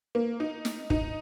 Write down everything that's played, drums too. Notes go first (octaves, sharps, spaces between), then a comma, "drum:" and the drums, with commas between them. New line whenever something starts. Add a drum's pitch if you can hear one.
A#3
D#4
drum: snare
D#4, drum: kick